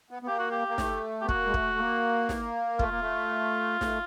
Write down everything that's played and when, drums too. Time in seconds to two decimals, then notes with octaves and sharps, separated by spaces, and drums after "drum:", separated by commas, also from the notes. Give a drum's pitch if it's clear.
0.10 B3
0.23 B3
0.27 A#3 G4
0.39 F#4
0.51 G4
0.68 A#3
0.78 A3, drum: snare
1.21 B3 G4
1.29 A#3 F#4, drum: kick
1.46 G#3
1.54 A3, drum: kick
1.78 A#3
2.29 drum: snare
2.79 A3 F4, drum: kick
2.90 A#3
3.00 A3
3.81 A3, drum: snare